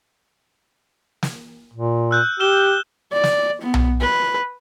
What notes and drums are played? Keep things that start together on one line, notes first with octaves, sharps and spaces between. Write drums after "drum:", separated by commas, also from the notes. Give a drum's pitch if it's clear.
drum: snare
A#2
E6 F#6 G6
G4 F6 E7 G7
D5
drum: snare
B3
drum: tom B1
B4